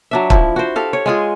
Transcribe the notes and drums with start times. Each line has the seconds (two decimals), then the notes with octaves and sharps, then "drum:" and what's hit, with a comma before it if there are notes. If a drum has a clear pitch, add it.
0.11 F#3 D4 E5
0.30 F3 E4, drum: kick
0.56 F#4 C5
0.76 G4 A4 F5
0.93 C#5
1.06 G#3 F4 G#4